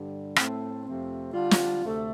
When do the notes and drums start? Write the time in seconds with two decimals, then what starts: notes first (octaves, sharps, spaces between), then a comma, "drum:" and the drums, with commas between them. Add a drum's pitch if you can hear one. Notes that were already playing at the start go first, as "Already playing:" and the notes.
Already playing: G2 D3 G3 D4
0.36 A2 A3 C4 A4, drum: rim click
0.85 F2 C3 F3 A3 C4
1.33 D3 G3 F4
1.51 drum: snare
1.83 D2 C3 A3